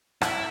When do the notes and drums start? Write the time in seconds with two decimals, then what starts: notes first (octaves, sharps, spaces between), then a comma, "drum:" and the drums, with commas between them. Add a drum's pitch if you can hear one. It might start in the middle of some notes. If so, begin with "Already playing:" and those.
0.21 E4, drum: rim click